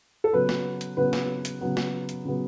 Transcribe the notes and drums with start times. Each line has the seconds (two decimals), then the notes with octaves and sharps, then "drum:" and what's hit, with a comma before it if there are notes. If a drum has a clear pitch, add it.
0.24 A4
0.33 C#3 F#3 B3 B4
0.49 drum: snare
0.81 drum: hi-hat
0.97 C#3 F#3 B3 B4
1.13 drum: snare
1.45 drum: hi-hat
1.61 C#3 F#3 B3
1.77 drum: snare
2.09 drum: hi-hat
2.25 C#3 F#3 B3